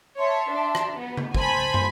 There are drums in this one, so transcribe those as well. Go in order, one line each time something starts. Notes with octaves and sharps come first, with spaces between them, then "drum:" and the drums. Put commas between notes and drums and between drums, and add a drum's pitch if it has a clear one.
C#5 E5 A5 C6
D4
drum: rim click
B3
drum: tom C#3
C5 G#5 A5 B5 C6, drum: kick
drum: tom